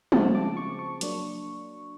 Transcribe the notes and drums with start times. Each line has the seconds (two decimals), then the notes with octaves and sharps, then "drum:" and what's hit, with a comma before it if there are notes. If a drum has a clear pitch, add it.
0.12 C#3 F3 G#3 C4 A5, drum: tom
0.35 D6
0.57 C#6
0.79 C#6
1.01 F#3 A#3 D4, drum: hi-hat